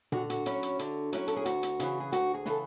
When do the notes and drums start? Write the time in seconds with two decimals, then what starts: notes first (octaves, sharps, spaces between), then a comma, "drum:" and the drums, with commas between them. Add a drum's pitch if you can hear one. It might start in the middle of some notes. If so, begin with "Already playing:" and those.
0.12 D3 F#4, drum: tom A#2
0.30 F#4, drum: hi-hat
0.46 F#3 C#4 E4, drum: hi-hat
0.63 drum: hi-hat
0.79 D3, drum: hi-hat
1.13 F#3 C#4 E4, drum: hi-hat
1.27 A4, drum: hi-hat
1.36 G#4
1.45 D2 F#4, drum: hi-hat
1.63 drum: hi-hat
1.80 C#3 E3, drum: hi-hat
2.00 G#4
2.13 D2 F#4, drum: hi-hat
2.34 G#4
2.46 C#3 E3 A4, drum: snare